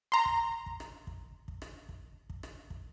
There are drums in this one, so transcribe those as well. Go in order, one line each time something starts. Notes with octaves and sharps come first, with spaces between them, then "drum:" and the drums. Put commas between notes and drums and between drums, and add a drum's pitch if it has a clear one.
A#5 C6
drum: kick
drum: kick
drum: rim click
drum: kick
drum: kick
drum: rim click
drum: kick
drum: kick
drum: rim click
drum: kick